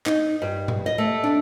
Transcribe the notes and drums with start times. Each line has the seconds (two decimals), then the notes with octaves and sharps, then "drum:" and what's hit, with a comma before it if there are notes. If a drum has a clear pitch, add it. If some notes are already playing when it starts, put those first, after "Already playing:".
0.06 D#4, drum: clap
0.42 G2
0.68 drum: tom G#2
0.86 D#5
0.98 A3
1.24 D4